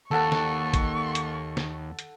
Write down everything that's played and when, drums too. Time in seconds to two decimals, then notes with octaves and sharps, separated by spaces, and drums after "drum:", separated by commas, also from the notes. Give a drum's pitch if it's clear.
0.11 D#2 A4 F#5 A5 C#6
0.32 drum: snare
0.74 drum: kick, hi-hat
1.15 drum: hi-hat
1.57 drum: snare
1.99 drum: hi-hat